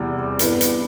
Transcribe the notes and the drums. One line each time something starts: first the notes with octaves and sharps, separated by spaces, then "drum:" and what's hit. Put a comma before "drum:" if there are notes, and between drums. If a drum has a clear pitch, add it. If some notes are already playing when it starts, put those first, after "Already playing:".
Already playing: E2 C3 E3 G3
G2 E3 B3, drum: hi-hat
drum: hi-hat